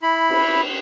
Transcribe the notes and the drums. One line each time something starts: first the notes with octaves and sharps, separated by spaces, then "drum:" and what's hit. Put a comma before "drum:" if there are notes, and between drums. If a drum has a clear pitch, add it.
E4 B5
drum: cymbal